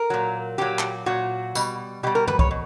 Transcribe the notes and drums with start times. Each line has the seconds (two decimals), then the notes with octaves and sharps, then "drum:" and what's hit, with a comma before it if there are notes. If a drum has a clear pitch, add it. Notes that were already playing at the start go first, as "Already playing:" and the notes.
Already playing: A#4
0.10 A#2 F#3
0.58 A#2 F#3 G4
0.79 drum: clap
1.06 A#2 F#3 F#4
1.55 B2 G3, drum: tambourine
2.03 B2 G3 G4
2.15 A#4
2.28 B4, drum: tom
2.39 C#5, drum: kick
2.51 B2